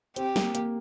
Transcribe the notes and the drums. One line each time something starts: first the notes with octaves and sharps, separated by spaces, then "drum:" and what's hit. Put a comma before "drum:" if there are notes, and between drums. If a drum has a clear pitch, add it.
C4 G4, drum: hi-hat
A#3, drum: snare
A#3, drum: hi-hat